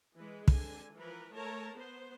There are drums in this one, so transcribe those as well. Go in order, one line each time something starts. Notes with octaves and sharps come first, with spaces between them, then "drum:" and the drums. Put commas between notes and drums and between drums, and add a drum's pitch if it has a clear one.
E3 G#3 B4
D3 G#5, drum: kick
E3 F3 A#4 B4
A3 A#4 C#5 A5 A#5
B3 C5